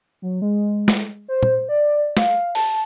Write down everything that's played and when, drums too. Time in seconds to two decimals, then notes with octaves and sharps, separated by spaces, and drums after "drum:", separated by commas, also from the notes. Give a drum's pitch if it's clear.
0.22 F#3
0.42 G#3
0.88 drum: snare
1.28 C5
1.43 drum: tom
1.69 D5
2.17 F5, drum: snare
2.55 A5, drum: open hi-hat